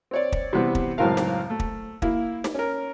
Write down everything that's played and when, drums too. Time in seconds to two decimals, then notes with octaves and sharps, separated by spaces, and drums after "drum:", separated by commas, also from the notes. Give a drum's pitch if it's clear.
0.11 C4 C#5 D5
0.32 drum: kick
0.53 C3 E3 G3 B3 C4
0.75 drum: kick
0.98 C#2 F#2 A2 C4 A#4 F5
1.17 drum: snare
1.50 A3
1.60 drum: kick
2.02 A#3 E4, drum: kick
2.44 drum: snare
2.55 C#4 A#4